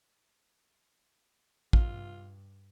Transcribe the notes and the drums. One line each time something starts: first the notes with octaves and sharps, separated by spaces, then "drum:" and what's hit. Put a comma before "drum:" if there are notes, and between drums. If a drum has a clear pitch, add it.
G2 F4, drum: kick